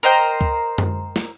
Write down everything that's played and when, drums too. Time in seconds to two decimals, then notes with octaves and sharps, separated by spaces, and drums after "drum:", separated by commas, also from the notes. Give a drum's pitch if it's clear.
0.03 A#4 C5 D#5 G5
0.41 drum: kick
0.78 drum: tom F#2
1.16 drum: snare